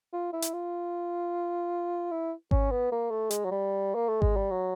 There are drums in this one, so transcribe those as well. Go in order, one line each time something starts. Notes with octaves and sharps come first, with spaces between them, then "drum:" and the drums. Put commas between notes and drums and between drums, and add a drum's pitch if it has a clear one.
F4
E4
drum: hi-hat
F4
E4
C#4, drum: kick G#1
B3
A#3
A3
G#3, drum: hi-hat
F#3
G3
A#3
A3
G#3, drum: kick G#1
G3
F#3